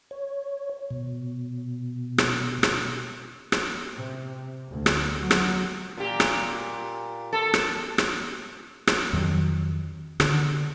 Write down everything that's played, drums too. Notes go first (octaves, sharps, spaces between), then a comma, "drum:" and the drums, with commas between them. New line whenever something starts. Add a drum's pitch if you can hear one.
C#5
B2
drum: rim click
drum: rim click
drum: rim click
C3
D2
drum: rim click
F#3
drum: rim click
A#2 G4
drum: rim click
A4
drum: rim click
drum: rim click
drum: rim click
F2 D#3 F#3
D3, drum: rim click